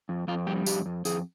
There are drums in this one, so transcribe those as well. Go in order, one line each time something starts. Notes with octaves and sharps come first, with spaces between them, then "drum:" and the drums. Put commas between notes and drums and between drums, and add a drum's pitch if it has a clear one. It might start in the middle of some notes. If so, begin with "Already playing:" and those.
F2
F2 F4
G3 G4
F2 G4, drum: tambourine
F2
F2 G#4, drum: tambourine